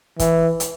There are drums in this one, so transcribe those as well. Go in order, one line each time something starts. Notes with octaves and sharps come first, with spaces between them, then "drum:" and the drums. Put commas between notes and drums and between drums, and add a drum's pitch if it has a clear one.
E3, drum: kick, hi-hat
drum: hi-hat